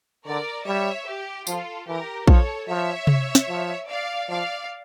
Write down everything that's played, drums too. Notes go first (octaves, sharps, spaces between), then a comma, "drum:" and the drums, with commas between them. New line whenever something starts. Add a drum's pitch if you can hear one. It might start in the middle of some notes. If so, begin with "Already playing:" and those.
D3 A#4 D5
G3 C#5 E5
G4
F3 F4 A4, drum: tambourine
E3 G4 A#4
F3 A4 C#5, drum: kick A#1
F3 C#5 E5
drum: tom C3
drum: snare
F3
D5 F5
F3 D5 F5